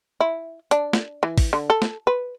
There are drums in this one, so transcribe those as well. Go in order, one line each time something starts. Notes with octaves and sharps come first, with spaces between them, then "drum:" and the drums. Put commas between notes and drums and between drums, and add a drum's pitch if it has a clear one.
E4
D4, drum: hi-hat
drum: snare
E3
drum: kick, open hi-hat
D3
A4
drum: snare
B4